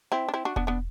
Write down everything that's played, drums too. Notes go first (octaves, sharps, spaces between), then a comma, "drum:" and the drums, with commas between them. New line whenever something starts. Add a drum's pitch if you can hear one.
C4 E4
D4
C4 E4
D4 F#4
B3 D4, drum: kick E1
B3 D4